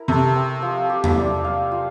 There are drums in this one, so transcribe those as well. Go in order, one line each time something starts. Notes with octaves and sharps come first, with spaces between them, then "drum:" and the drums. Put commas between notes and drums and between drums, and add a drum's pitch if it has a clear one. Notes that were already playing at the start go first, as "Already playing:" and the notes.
Already playing: E4 A#4
C3 A3
C4
F3
G4
drum: tom
D5
F5
F4